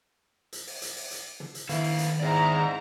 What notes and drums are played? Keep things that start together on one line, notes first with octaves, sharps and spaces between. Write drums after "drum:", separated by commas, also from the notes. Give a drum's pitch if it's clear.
drum: hi-hat
drum: open hi-hat
drum: hi-hat
drum: open hi-hat
drum: hi-hat
drum: tom
drum: hi-hat
D#3 E4 A4 B4 F5, drum: hi-hat
drum: open hi-hat
drum: hi-hat
G#2 C4 E4 G#4 D5 A#5